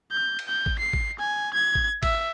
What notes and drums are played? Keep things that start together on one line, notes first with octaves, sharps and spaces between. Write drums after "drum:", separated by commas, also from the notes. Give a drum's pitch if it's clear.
G6
drum: cymbal
G6
drum: kick G#1
C7
drum: kick G#1
G#5
G#6
drum: kick G#1
E5, drum: kick G#1, cymbal